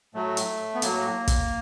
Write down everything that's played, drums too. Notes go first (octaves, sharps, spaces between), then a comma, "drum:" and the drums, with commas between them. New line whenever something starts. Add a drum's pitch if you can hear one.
A2 F#3 A3
drum: hi-hat
B3
A2 F#3 A#3, drum: hi-hat
drum: kick, hi-hat